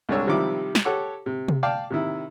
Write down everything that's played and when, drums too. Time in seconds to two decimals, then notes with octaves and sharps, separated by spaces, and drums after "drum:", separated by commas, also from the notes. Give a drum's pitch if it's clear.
0.09 C2 G#3 D4 C#5 E6
0.27 C3 D#3 F3 G3 E4 D6
0.75 drum: snare
0.85 G4 A4 C#5 F#5 D6
1.26 C3
1.48 drum: tom C3
1.63 D5 F5 G5 A5
1.90 C3 D#3 E4